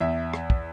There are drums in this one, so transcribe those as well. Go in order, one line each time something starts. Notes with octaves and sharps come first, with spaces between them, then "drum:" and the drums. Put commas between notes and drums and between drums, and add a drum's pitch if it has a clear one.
E2 E5
drum: rim click
drum: kick